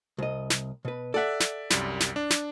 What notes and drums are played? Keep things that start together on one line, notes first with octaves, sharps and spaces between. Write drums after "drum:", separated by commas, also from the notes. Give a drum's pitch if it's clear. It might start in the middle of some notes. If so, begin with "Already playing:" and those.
C2 D#5
drum: snare
B2 B4
A4 D5 E5 F#5
drum: snare
C2 F#2 G3, drum: snare
drum: snare
D4
drum: snare